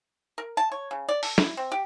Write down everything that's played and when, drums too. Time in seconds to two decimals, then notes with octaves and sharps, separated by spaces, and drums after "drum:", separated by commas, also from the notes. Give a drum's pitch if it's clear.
0.38 A#4
0.57 A5
0.72 C#5
0.91 C#3
1.09 D5
1.23 A4, drum: open hi-hat
1.38 E4, drum: snare
1.57 C4
1.72 G4